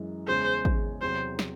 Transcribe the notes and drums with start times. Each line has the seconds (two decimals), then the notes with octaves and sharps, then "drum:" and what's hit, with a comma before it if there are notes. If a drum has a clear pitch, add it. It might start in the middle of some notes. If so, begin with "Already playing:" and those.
Already playing: F#2 E3 G#3
0.28 E2 C#3 G#3 C#4 G#4 C5
0.65 drum: kick
1.01 E2 C3 F#3 C5
1.39 drum: snare